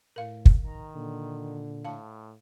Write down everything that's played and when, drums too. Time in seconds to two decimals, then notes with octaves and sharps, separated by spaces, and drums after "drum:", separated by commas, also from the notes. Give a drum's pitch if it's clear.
0.16 A2 A#4 F5
0.46 drum: kick
0.64 D#3 A#5
0.95 A#2 D3
1.85 A2 F5 A5